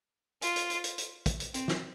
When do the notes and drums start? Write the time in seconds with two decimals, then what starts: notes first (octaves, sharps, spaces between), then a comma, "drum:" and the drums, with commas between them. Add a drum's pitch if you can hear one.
0.42 F4, drum: hi-hat
0.56 drum: hi-hat
0.70 drum: hi-hat
0.84 drum: hi-hat
0.98 drum: hi-hat
1.26 drum: kick, hi-hat
1.40 drum: hi-hat
1.54 C4, drum: hi-hat
1.68 drum: snare